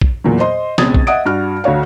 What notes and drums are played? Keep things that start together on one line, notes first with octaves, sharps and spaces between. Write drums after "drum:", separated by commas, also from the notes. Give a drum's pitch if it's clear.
drum: kick A#1
E2 A#2 F#3
C5 D#5 C6
C#2 B2 C4 D#6 G#6 A6, drum: snare
drum: kick A#1
D#5 E5 F#5 D#6 D7
G2 F#4 F6
D2 F#4 C#5 F5